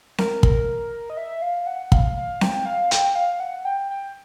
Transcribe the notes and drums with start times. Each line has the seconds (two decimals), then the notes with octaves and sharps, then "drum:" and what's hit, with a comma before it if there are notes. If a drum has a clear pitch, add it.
0.18 A#4, drum: snare C4
0.43 A#4, drum: kick
1.10 D#5
1.17 E5
1.42 F5
1.67 F#5
1.92 F5, drum: kick
2.17 F5
2.41 G5, drum: snare C4
2.66 F5
2.91 G5, drum: hi-hat
3.15 F5
3.40 F#5
3.65 G5
3.90 G5